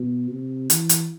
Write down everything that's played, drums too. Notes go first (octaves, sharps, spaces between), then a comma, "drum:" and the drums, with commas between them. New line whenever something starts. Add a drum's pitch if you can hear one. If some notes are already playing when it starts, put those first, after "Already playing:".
Already playing: B2
C3
E3, drum: hi-hat
drum: hi-hat